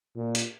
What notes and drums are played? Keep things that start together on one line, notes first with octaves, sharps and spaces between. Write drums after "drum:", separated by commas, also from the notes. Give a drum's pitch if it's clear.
A#2
drum: hi-hat